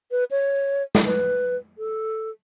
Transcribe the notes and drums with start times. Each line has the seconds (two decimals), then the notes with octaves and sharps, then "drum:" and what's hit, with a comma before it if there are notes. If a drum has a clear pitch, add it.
0.11 B4
0.31 C#5
0.95 drum: snare
1.05 B4
1.78 A4